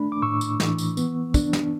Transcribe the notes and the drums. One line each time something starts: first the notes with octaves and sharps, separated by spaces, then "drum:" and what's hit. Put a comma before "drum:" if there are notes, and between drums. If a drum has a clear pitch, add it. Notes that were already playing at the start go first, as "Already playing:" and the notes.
Already playing: A3 D4 B5
D6
A2 C#6 E6
drum: tambourine
E3, drum: snare
drum: tambourine
B3, drum: tambourine
D4, drum: kick, tambourine
drum: snare